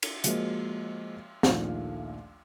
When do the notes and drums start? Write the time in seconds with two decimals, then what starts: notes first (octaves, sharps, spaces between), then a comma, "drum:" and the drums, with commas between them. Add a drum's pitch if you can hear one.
0.02 drum: cymbal
0.24 F3 G#3 A#3 F#4 C5 D#5, drum: hi-hat
1.43 A#1 D#2 F3 A3 F5, drum: snare